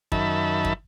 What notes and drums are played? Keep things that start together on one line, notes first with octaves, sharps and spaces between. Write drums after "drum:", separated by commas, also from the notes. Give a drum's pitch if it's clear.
F#2 D#3 E5 A5 B5, drum: kick
drum: kick